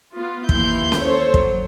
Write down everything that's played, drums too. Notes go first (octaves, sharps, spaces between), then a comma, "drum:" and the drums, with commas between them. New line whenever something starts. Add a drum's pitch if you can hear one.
B3 F4
D#2 E3 A#3 E4 C6 G6, drum: kick
drum: snare C#4
A4 C5 C#5
F#3, drum: kick